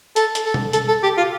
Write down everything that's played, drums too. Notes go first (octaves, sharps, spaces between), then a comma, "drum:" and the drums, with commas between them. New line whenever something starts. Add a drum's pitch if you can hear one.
A4, drum: hi-hat
drum: hi-hat
A4
drum: tom B2
A4, drum: hi-hat
A4
G4
F4